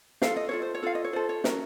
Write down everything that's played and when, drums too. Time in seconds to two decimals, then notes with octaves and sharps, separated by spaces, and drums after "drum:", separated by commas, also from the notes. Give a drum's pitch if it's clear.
0.22 F4 A4 F5, drum: snare
0.36 D#5
0.49 F4 A4 C#5
0.62 C5
0.74 C#5
0.83 F4 A4 F5
0.95 D#5
1.04 C#5
1.13 F4 A4 C5
1.29 C#5
1.44 C#4 F#4 A#4, drum: snare